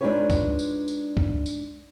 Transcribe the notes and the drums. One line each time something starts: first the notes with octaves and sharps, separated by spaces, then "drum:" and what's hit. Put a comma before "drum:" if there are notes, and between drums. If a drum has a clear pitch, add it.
G#3 D4 D#4 F4 B4 C#5
drum: kick, tambourine
drum: tambourine
drum: tambourine
drum: kick
drum: tambourine